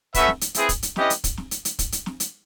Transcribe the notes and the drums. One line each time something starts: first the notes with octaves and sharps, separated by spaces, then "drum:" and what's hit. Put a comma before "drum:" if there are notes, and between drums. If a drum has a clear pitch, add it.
A3 C#4 F#4 B4 E5, drum: kick, hi-hat
drum: snare
drum: hi-hat
C4 E4 G#4 B4, drum: hi-hat
drum: kick, hi-hat
drum: hi-hat
C#4 E4 G4 B4 D#5, drum: snare
drum: hi-hat
drum: kick, hi-hat
drum: snare
drum: hi-hat
drum: hi-hat
drum: kick, hi-hat
drum: hi-hat
drum: snare
drum: hi-hat